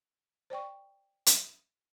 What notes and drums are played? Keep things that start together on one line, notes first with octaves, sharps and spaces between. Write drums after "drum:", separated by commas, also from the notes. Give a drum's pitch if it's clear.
C5 D5 G5 C#6
drum: hi-hat